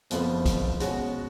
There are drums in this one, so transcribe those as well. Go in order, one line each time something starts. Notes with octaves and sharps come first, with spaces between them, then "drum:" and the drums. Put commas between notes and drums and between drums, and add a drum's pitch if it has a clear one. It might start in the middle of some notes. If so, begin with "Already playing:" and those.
F#1 F2 F3 B3, drum: hi-hat
drum: kick, hi-hat
B2 G#3 C#4 F#4, drum: hi-hat